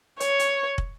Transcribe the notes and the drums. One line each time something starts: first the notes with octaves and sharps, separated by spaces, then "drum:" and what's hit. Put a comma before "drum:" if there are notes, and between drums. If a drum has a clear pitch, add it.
C#5, drum: hi-hat
drum: hi-hat
drum: kick